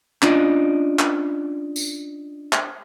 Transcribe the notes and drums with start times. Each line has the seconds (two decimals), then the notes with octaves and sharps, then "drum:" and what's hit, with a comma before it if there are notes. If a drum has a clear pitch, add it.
0.22 C#4 D4 F4 D5 D#5, drum: clap
0.99 drum: clap
1.76 drum: tambourine
2.53 drum: clap